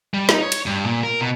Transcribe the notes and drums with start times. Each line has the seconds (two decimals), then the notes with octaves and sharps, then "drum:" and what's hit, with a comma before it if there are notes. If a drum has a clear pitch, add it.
0.14 G3
0.29 D#4, drum: snare
0.43 C#5
0.52 drum: cymbal
0.66 G2
0.86 A#2
1.03 A#4
1.21 B2